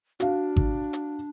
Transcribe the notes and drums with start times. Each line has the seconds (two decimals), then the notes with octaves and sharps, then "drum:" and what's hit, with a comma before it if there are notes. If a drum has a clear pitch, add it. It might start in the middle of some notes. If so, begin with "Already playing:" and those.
0.20 D4 F#4 F5, drum: hi-hat
0.56 drum: kick G#1
0.93 drum: hi-hat